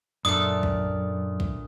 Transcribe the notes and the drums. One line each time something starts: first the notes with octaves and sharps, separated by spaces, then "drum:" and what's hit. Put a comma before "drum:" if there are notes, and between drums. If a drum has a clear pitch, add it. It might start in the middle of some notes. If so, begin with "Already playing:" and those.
F#2 A#2 D4 A4 E5 F#5 D#6
drum: kick A#1
drum: kick A#1